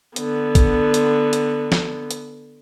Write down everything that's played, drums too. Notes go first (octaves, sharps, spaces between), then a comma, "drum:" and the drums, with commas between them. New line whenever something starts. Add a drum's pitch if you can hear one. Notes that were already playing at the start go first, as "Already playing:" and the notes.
D3 B3, drum: hi-hat
drum: kick, hi-hat
drum: hi-hat
drum: hi-hat
drum: snare
drum: hi-hat